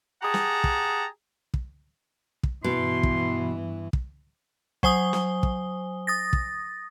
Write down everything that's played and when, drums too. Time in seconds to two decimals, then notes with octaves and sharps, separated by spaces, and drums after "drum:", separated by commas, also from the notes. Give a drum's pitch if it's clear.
0.23 G4 G#4 F#5 A5 A#5
0.34 drum: snare
0.64 drum: kick
1.54 drum: kick
2.43 drum: kick
2.64 G2 B2 E3 C6
3.03 drum: kick
3.93 drum: kick
4.83 F#3 C5 G#5 D#6 G7, drum: kick
5.13 drum: snare
5.43 drum: kick
6.07 D#6 A6 A#6
6.33 drum: kick